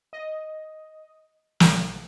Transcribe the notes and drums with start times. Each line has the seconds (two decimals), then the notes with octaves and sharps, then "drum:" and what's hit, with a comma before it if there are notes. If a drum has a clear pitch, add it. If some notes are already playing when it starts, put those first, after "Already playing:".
0.13 D#5
1.60 B1, drum: snare